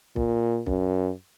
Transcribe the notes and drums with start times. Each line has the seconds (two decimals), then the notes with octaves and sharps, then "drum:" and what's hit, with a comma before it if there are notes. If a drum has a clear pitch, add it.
0.16 A#2, drum: kick B1
0.66 F#2, drum: kick B1